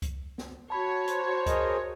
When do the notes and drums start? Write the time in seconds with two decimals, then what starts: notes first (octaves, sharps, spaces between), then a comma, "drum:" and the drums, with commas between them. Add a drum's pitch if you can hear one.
0.02 drum: kick C2, hi-hat
0.38 drum: snare
0.70 F#4 C#5 A5 B5
1.08 C5, drum: hi-hat
1.46 G#4 A#4 D#5, drum: kick C2, hi-hat